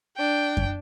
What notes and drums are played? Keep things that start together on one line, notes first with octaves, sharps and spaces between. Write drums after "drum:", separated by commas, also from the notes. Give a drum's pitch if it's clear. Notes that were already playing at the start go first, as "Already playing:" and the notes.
D4 G5
drum: kick F#2